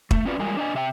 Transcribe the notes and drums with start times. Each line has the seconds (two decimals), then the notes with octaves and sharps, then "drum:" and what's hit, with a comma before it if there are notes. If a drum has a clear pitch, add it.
0.11 A3, drum: kick
0.25 C4 C#4 F4 F#4 B4 D5
0.39 G3 G#3 F4 A#4 G#5
0.57 D4 D#5 G#5
0.74 C3 E5 G5